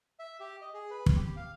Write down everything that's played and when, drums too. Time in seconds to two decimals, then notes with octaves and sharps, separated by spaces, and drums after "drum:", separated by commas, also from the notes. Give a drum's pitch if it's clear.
0.19 E5
0.40 G4
0.62 D#5
0.74 G#4
0.91 B4
1.06 drum: kick
1.16 G4
1.36 F5